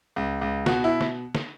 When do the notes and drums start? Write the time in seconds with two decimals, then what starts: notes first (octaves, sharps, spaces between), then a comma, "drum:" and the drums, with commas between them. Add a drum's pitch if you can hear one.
0.16 C#2
0.41 C#2
0.66 B2 F#4, drum: snare
0.84 E4
1.01 drum: snare
1.35 drum: snare